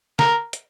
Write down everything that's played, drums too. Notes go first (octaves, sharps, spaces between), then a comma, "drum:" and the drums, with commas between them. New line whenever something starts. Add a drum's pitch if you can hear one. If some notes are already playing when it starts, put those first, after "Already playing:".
A#4, drum: snare
drum: hi-hat